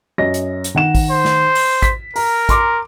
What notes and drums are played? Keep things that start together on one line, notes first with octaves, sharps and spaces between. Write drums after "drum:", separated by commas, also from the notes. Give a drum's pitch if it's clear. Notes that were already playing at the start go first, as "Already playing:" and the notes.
F#2 D#5 A#6
drum: hi-hat
drum: hi-hat
D#3 F#5 E7
drum: kick A1, open hi-hat
C5
drum: snare
drum: open hi-hat
B6, drum: kick A1, hi-hat
A#4 A#5, drum: open hi-hat
A#5 C6 D6, drum: kick A1, hi-hat